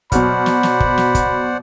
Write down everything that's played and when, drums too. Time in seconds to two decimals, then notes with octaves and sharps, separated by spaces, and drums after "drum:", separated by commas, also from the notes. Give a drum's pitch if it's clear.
0.12 B2 F#3 C5 D5 F#5 B5 F6, drum: kick, hi-hat
0.46 drum: snare
0.63 drum: snare
0.80 drum: kick
0.97 drum: snare
1.15 drum: kick, hi-hat